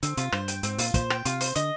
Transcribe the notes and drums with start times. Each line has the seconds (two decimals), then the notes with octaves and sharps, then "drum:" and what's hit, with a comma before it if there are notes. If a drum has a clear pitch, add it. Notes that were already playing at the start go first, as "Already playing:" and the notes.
0.03 D3 C4, drum: hi-hat
0.17 C3 F4, drum: hi-hat
0.32 G2 C5, drum: rim click
0.48 G5, drum: hi-hat
0.63 G#2 C4, drum: hi-hat
0.78 A#2 F4, drum: open hi-hat
0.94 A#2 C5, drum: kick, hi-hat
1.10 G5, drum: rim click
1.25 C3 F4, drum: hi-hat
1.41 C5, drum: open hi-hat
1.55 D3 D#5, drum: hi-hat